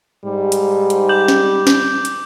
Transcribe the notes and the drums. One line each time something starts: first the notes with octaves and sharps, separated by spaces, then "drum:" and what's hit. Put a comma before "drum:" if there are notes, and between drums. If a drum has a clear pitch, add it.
G#2 G3
drum: hi-hat
drum: hi-hat
D6 G6 F#7
drum: snare
drum: snare
drum: hi-hat